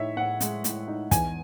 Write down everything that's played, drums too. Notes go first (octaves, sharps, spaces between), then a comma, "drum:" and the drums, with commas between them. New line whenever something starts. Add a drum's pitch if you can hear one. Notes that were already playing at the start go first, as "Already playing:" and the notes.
Already playing: A2 D#4 C#5 E5
A2 F#5
G#3, drum: hi-hat
A2, drum: hi-hat
D#4
E2 G#5, drum: kick, hi-hat